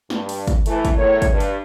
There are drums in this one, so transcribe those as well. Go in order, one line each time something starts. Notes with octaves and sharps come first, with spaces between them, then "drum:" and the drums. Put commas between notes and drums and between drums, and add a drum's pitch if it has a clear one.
G2, drum: snare
drum: open hi-hat
drum: kick, hi-hat
E3 A3, drum: hi-hat
drum: kick, hi-hat
E2 A2 A3 A#4 C#5
drum: kick, hi-hat
G2
drum: hi-hat